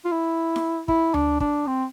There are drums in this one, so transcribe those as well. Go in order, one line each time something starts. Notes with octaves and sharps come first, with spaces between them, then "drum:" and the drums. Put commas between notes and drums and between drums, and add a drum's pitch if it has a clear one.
F4
E4
drum: snare E4
E4, drum: kick
D4, drum: tom D2
D4, drum: kick
C4